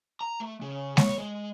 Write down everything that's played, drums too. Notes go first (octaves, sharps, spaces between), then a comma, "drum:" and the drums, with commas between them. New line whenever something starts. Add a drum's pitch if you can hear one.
A#5
A3
C#3
C#5, drum: snare G#3
G#3